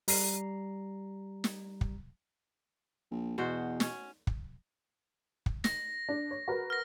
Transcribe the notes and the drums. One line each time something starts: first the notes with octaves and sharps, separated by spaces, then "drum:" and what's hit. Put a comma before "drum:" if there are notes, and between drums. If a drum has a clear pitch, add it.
G3 A#5 C7, drum: open hi-hat
drum: snare
drum: kick
A#1
E2 B2 F#4 C5
C#4, drum: snare
drum: kick
drum: kick
A#6, drum: snare
D4
C#5
F#4 A#4 B4
F6 A#6